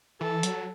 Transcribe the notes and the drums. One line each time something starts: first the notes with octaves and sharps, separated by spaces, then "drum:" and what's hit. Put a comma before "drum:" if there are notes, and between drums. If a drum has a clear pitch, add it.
E3 A4
F#3, drum: hi-hat